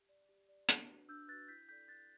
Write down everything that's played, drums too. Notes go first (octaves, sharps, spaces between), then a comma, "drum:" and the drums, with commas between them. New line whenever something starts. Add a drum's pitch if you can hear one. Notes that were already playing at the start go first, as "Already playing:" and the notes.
Already playing: G4
D5
G4
D5
D4, drum: hi-hat
F#4 B4
D4 E6 G6
F#4 B4 F#6 A6
E4 G6 B6
A4 D5 G6 B6
E4 F#6 A6